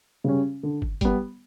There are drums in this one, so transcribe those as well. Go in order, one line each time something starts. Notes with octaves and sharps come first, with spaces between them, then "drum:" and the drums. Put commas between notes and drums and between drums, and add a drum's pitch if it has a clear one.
C#3 G3 C#4
D3
drum: kick
G3 B3, drum: kick, hi-hat